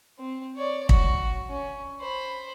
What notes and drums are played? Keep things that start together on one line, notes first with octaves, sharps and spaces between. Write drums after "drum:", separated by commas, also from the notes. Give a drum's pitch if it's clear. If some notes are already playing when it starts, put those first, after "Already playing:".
C4
C#5 D5
F#4, drum: kick
C#4
C5 B5